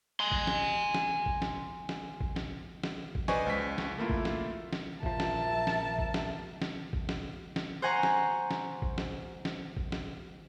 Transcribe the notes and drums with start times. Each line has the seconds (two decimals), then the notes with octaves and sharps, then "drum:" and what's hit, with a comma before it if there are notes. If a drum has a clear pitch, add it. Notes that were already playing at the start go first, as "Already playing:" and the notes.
0.20 G#5 C6
0.31 drum: kick A1
0.47 drum: snare
0.94 drum: snare
1.26 drum: kick A1
1.42 drum: snare
1.89 drum: snare
2.21 drum: kick A1
2.36 drum: snare
2.84 drum: snare
3.15 drum: kick A1
3.28 B4 C5 D5 D#5 G#5 C#6, drum: snare
3.47 C#2 B6
3.78 drum: snare
3.98 A3 A#3 E4 F4
4.10 drum: kick A1
4.25 drum: snare
4.73 drum: snare
5.03 A#1 F3 A#4 E5 A5, drum: kick A1
5.20 drum: snare
5.67 drum: snare
5.99 drum: kick A1
6.14 drum: snare
6.62 drum: snare
6.93 drum: kick A1
7.09 drum: snare
7.56 drum: snare
7.82 C5 F#5 G#5 A#5 C#6
8.03 drum: snare
8.51 drum: snare
8.82 drum: kick A1
8.98 drum: snare
9.45 drum: snare
9.77 drum: kick A1
9.92 drum: snare